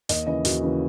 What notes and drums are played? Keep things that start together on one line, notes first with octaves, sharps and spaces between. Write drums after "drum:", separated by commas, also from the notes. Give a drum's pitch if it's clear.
D#2 D#5, drum: hi-hat
C#3 E3 D#5
D#2 F#4, drum: hi-hat
C#3 E3